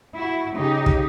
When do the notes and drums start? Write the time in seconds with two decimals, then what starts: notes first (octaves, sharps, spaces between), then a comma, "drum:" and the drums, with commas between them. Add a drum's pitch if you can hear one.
0.15 E4 F#4
0.54 C#3 D#4 G4
0.86 drum: kick